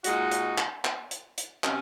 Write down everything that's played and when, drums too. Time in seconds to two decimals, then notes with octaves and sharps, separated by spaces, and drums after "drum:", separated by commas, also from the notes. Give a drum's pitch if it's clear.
0.04 A#2 G#3 D#4 F#4, drum: hi-hat
0.32 drum: hi-hat
0.58 drum: clap
0.85 drum: clap
1.11 drum: hi-hat
1.38 drum: hi-hat
1.64 C3 F#3 C#4, drum: clap